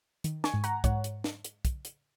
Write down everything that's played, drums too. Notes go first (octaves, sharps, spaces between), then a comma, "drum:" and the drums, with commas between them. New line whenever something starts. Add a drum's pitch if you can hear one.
D#3, drum: hi-hat
G#5 C#6, drum: snare
G#2
F#5 A#5, drum: hi-hat
G#2 C#5 F#5, drum: kick, hi-hat
drum: hi-hat
drum: snare
drum: hi-hat
drum: kick, hi-hat
drum: hi-hat